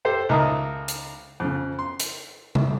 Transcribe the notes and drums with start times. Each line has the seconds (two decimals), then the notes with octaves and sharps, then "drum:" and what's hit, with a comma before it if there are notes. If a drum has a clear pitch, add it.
0.05 G4 A4 C5
0.29 C#2 D#4 A#4 E5 A5 D#6
0.88 drum: hi-hat
1.40 F2 C#3
1.79 C6
2.00 drum: hi-hat
2.55 drum: tom C3